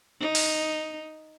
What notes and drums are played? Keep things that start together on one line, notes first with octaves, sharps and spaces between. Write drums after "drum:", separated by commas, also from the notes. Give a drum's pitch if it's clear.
D#4
drum: open hi-hat